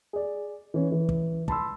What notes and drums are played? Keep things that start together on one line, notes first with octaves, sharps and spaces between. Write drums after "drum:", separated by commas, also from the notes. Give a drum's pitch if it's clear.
G#4 D5
E3 C#4
E3
drum: kick
A5 B5 C6 E6, drum: kick